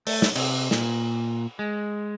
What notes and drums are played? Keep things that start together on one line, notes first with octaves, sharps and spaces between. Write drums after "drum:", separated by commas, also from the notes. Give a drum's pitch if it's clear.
A3, drum: open hi-hat
drum: snare
C3, drum: cymbal
A#2, drum: snare
G#3